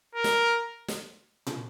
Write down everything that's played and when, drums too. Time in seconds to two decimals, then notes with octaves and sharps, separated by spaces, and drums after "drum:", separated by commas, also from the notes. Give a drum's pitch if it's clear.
0.15 A#4
0.24 drum: snare
0.88 drum: snare
1.47 drum: tom A#2